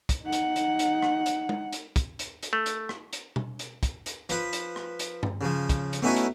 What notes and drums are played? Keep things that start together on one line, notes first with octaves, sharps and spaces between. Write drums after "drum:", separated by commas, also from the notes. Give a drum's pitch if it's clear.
drum: kick, hi-hat
D#4 F#5
drum: hi-hat
drum: hi-hat
drum: hi-hat
drum: rim click
drum: hi-hat
drum: tom G#3
drum: hi-hat
drum: kick, hi-hat
drum: hi-hat
drum: hi-hat
A3
drum: hi-hat
drum: rim click
drum: hi-hat
drum: tom B2
drum: hi-hat
drum: kick, hi-hat
drum: hi-hat
F3 B4, drum: hi-hat
drum: hi-hat
drum: rim click
drum: hi-hat
drum: tom G2
C#3 F3
drum: kick, hi-hat
drum: hi-hat
A3 B3 C#4 D#4 E4 F#4
drum: hi-hat